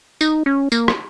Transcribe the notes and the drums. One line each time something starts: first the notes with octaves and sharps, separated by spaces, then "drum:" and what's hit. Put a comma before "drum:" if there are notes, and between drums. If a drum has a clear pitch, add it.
D#4, drum: tambourine
C#4
A#3, drum: tambourine
drum: rim click